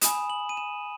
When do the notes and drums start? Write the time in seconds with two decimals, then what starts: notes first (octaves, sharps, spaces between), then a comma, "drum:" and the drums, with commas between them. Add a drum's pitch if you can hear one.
0.01 G#5 B5 D#6 E7, drum: hi-hat
0.30 F#7
0.49 D#7
0.57 E7